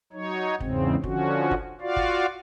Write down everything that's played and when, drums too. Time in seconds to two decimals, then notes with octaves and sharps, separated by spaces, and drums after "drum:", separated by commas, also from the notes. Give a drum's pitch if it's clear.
0.13 F#3 D#4 C#5
0.60 E2 G#2 C#3 C4, drum: kick
1.04 D3 F3 C#4 F#4, drum: kick
1.51 drum: kick
1.81 F4 F#4 D5 F5
1.96 drum: kick